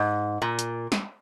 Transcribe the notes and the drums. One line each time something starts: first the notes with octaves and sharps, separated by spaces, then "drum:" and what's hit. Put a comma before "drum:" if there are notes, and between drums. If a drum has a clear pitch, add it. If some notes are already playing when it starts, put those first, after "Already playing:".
Already playing: G#2
A#2
drum: hi-hat
drum: snare